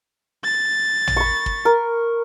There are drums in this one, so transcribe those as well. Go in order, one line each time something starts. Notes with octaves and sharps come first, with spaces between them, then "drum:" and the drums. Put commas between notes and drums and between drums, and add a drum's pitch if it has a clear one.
A6
drum: tom A1
B5 C#6
drum: kick
A#4